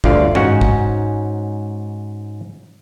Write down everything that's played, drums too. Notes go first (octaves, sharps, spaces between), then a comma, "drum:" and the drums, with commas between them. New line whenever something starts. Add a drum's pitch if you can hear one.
G1 D2 D3 F4 D5 F5, drum: kick
G#2 C#4 D#4 F#4 C#5 F#5, drum: tom G2
drum: kick